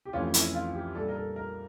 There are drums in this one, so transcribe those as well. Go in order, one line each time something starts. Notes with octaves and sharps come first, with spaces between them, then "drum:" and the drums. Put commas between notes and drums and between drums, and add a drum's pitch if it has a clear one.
G4
F2 E3 A3 C#4 F4
E4, drum: hi-hat
F4
G4
A#2 G3 D4 A4
A#4
A4
A#4